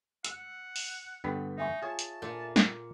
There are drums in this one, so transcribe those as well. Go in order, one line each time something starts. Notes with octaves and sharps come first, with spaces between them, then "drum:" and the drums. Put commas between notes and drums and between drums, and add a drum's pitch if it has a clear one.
F#5 E6, drum: hi-hat
drum: open hi-hat
G2 D3 B3 G5 B5 B6
D#4 E5 G#5 C#6
F4 G#4 C#5 A5
drum: hi-hat
A#2
drum: snare